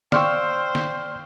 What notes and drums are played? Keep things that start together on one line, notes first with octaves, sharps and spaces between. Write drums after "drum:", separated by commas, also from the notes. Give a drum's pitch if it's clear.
C5 D5 F5 G5 C6 C#6 E6, drum: snare
drum: snare